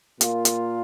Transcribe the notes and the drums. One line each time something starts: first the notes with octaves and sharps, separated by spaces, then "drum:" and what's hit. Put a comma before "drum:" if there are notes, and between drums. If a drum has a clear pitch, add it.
A#2 A#3 F4, drum: hi-hat
drum: hi-hat